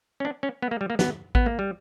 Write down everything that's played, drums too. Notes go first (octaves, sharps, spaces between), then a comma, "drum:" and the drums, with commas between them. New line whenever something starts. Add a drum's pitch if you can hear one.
C#4
D4
C#4
B3
A#3
G3
A#3
B3, drum: snare
B3, drum: kick A1
A#3
G3